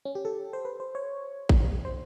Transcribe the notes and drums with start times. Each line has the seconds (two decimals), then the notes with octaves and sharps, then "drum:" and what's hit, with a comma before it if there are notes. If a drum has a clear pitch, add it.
0.05 C#4
0.15 G4
0.25 A4
0.53 C5
0.65 B4
0.80 C5
0.95 C#5
1.49 drum: kick A1
1.85 C5